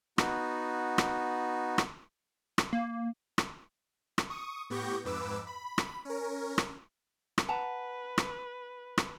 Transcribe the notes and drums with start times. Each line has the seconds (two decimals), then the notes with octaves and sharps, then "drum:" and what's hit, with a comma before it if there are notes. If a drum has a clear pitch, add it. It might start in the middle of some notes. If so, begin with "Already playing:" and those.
0.18 B3 D#4 F#4, drum: rim click
0.98 drum: rim click
1.78 drum: rim click
2.58 drum: rim click
2.73 A#3
3.38 drum: rim click
4.18 drum: rim click
4.30 C#6 D#6
4.70 A2 B3 G4 C#6 G6 A#6
5.05 F2 G#2 B4 D6 E6
5.47 B5
5.78 drum: rim click
6.05 C#4 A#4
6.58 drum: rim click
7.38 drum: rim click
7.48 B4 F#5 A5 A#5
8.18 drum: rim click
8.98 drum: rim click